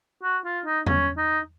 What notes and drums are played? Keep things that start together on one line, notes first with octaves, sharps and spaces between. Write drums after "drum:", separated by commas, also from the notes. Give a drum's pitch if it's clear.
F#4
F4
D#4
C#4, drum: tom E2
D#4